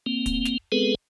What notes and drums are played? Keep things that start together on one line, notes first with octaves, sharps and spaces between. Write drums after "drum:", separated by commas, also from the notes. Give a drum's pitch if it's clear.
A#3 C4
drum: kick, hi-hat
drum: snare
G#3 B3 C4 G#4 A4 B4